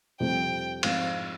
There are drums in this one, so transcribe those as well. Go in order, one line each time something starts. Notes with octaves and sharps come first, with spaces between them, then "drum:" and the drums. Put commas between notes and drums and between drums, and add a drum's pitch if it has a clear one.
F2 C3 G3 G5
G#2 F3 C4 F5, drum: cymbal